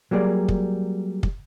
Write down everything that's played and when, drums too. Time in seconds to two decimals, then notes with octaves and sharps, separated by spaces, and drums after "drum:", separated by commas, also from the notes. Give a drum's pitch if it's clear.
0.11 F#3 G3 A#3 G#4 D5
0.49 drum: kick
1.23 drum: kick